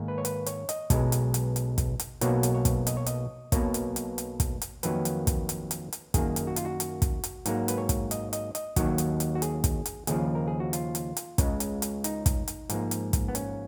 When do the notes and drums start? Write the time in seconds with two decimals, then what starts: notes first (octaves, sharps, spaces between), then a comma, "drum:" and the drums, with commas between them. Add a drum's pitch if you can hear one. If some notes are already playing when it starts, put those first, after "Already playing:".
Already playing: G#2 D#3 A#3
0.08 B4
0.18 C#5
0.25 B4, drum: hi-hat
0.46 C#5, drum: hi-hat
0.69 D#5, drum: hi-hat
0.90 B1 B2 G#3, drum: kick, hi-hat
1.12 drum: hi-hat
1.34 drum: hi-hat
1.56 drum: hi-hat
1.78 drum: kick, hi-hat
1.99 drum: hi-hat
2.21 B1 B2 F#3 A#3 C#5, drum: hi-hat
2.43 drum: hi-hat
2.54 C#5
2.65 drum: kick, hi-hat
2.87 D#5, drum: hi-hat
2.97 C#5
3.06 D#5, drum: hi-hat
3.52 B1 B2 A#3 C#5, drum: kick, hi-hat
3.74 drum: hi-hat
3.96 drum: hi-hat
4.18 drum: hi-hat
4.40 drum: kick, hi-hat
4.62 drum: hi-hat
4.83 F2 D#3 F#3 A#3 B4, drum: hi-hat
5.05 drum: hi-hat
5.27 drum: kick, hi-hat
5.49 drum: hi-hat
5.71 drum: hi-hat
5.93 drum: hi-hat
6.14 F#2 D#3 A#3 G#4, drum: kick, hi-hat
6.36 drum: hi-hat
6.47 F#4
6.56 F4, drum: hi-hat
6.65 F#4
6.80 drum: hi-hat
7.02 drum: kick, hi-hat
7.24 drum: hi-hat
7.46 G#2 F#3 A#3, drum: hi-hat
7.68 B4, drum: hi-hat
7.78 C#5
7.89 drum: kick, hi-hat
8.11 D#5, drum: hi-hat
8.33 D#5, drum: hi-hat
8.55 D#5, drum: hi-hat
8.76 D#2 D#3 F#3 C#5, drum: kick, hi-hat
8.98 drum: hi-hat
9.20 drum: hi-hat
9.35 F#4
9.42 G#4, drum: hi-hat
9.64 drum: kick, hi-hat
9.86 drum: hi-hat
10.07 D#2 C#3 F3 G#4, drum: hi-hat
10.35 A#4
10.47 G#4
10.60 F#4
10.73 F4, drum: hi-hat
10.95 drum: hi-hat
11.17 drum: hi-hat
11.38 C#2 C#3 G#3, drum: kick, hi-hat
11.60 drum: hi-hat
11.82 drum: hi-hat
12.04 D#4, drum: hi-hat
12.26 drum: kick, hi-hat
12.48 drum: hi-hat
12.70 G#2 F3 A#3, drum: hi-hat
12.91 drum: hi-hat
13.13 drum: kick, hi-hat
13.28 B3
13.35 C#4, drum: hi-hat